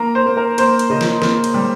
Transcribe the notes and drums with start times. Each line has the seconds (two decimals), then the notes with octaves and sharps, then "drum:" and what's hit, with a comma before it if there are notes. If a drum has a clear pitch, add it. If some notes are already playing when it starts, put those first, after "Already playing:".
Already playing: A#3 A#5
0.15 C5
0.26 A#3
0.37 A#4
0.58 A#3 C5, drum: cymbal
0.79 drum: cymbal
0.90 C#3 D#5
1.01 drum: snare
1.22 A#3, drum: snare
1.44 drum: cymbal
1.54 G3